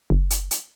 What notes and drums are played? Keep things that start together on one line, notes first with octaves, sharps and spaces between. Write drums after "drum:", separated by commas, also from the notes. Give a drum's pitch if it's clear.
F#1
drum: hi-hat
drum: hi-hat